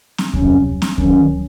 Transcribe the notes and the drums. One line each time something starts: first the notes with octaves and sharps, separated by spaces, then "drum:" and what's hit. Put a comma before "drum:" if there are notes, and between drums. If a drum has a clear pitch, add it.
drum: snare C4
F2 C3 F#3 C#4, drum: kick D2
drum: snare C4
D#3 F#3 C#4, drum: kick D2